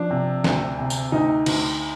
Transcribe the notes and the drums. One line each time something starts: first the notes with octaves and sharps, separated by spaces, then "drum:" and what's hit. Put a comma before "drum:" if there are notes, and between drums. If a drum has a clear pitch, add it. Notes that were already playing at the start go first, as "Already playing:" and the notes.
Already playing: F3 D4
C3
D2, drum: snare C4
C3
drum: tambourine
D2 D#4
D2, drum: cymbal